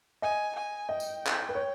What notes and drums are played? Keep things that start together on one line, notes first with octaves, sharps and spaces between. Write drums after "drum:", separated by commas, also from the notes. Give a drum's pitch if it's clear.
D#5 G#5
G#5
D#5 G5
drum: tambourine
drum: clap
B4
C#5